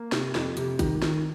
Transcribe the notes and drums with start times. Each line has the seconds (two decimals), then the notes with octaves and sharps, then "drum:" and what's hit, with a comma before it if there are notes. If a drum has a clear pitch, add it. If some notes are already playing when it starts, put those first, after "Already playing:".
Already playing: A#3
0.12 C3, drum: snare
0.35 F2, drum: snare
0.57 C3, drum: hi-hat
0.79 D#3, drum: kick, hi-hat
1.02 D#3, drum: snare